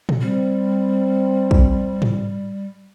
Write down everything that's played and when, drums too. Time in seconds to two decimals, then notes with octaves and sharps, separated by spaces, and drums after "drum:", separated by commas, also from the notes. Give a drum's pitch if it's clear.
0.09 drum: tom A#2
0.21 G3 C4
1.51 drum: kick
2.02 drum: tom G#2